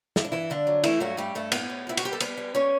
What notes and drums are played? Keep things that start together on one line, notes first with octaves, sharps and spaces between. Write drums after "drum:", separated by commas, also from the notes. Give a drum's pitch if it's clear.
G2 E4, drum: snare
D4
G2 E3 E4
G2 D3 D4
F#3
E3 A3 E4, drum: cymbal
G2 F#3 F#4
G3 A3 G4
G2 A3 A4
A2 B3 B4, drum: cymbal
A2
A2 E4
F#4, drum: cymbal
G3 G4
A4
G3 B3 B4, drum: cymbal
G3
G3 C#4 C#5